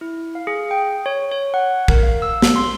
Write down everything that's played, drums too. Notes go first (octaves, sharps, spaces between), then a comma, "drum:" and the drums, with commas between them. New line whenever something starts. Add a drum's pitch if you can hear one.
E4
F5
G#4
G5
C#5
C#5
F#5
A#4, drum: kick A#1
F5
E6
drum: snare
C6